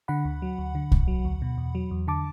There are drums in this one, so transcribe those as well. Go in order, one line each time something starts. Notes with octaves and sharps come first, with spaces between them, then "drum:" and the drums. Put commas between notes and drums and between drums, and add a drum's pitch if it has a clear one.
D3 F#5 B5
D2
F#3
D2
D3
D2, drum: kick B1
F#3
D2
B2
E2
F#3
E2
D3 A5 D6